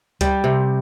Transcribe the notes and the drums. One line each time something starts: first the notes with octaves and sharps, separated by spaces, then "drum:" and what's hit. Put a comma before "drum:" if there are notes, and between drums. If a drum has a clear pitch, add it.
G3, drum: kick C#2, hi-hat
C3